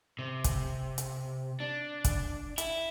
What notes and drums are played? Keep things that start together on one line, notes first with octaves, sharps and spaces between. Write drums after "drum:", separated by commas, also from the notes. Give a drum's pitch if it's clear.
C3
drum: kick, hi-hat
drum: hi-hat
D4
drum: kick, hi-hat
E4, drum: hi-hat